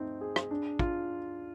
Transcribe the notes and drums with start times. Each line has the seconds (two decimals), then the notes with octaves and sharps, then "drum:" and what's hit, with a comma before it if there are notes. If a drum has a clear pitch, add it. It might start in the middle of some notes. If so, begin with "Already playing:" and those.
Already playing: A3 C4 D#4
0.21 G#4
0.36 drum: rim click
0.51 D4
0.79 F4, drum: kick